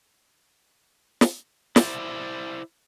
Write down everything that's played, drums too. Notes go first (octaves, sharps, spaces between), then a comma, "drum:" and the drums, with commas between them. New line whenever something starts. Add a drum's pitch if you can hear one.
drum: snare
E4 C5 D5, drum: snare